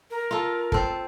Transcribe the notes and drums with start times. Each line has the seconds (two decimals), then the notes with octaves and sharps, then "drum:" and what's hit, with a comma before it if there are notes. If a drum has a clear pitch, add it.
0.11 A#4
0.31 F4 A4
0.72 C4 A4, drum: kick